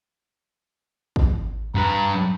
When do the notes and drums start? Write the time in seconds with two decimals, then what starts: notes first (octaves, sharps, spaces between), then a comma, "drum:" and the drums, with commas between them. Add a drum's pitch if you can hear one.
1.16 drum: kick
1.75 G2 B4 A#5